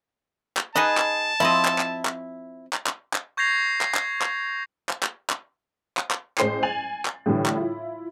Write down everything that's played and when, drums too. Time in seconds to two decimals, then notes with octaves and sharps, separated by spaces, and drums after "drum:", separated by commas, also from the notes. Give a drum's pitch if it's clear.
0.57 drum: clap
0.76 D#4 G#4 B4 D#5 F#5 A5
0.97 drum: clap
1.40 F3 C4 E4 D#5
1.65 drum: clap
1.78 drum: clap
2.05 drum: clap
2.73 drum: clap
2.86 drum: clap
3.14 drum: clap
3.37 C#6 G6 G#6 A#6 C7 F7
3.81 drum: clap
3.95 drum: clap
4.22 drum: clap
4.89 drum: clap
5.03 drum: clap
5.30 drum: clap
5.97 drum: clap
6.11 drum: clap
6.38 A1 G#3 C5 C6 C7, drum: clap
6.63 G#5 A6 F7 F#7
7.05 drum: clap
7.26 A2 D3 E3 G3
7.46 drum: clap
7.56 E4 F4